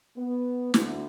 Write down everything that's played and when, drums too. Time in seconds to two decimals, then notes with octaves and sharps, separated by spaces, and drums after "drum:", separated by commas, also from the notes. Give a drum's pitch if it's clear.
0.17 B3
0.74 D2, drum: snare